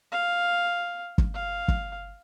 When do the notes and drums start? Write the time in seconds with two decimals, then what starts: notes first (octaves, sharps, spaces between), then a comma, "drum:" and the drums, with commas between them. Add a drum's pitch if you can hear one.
0.12 F5
1.18 drum: kick
1.35 F5
1.68 drum: kick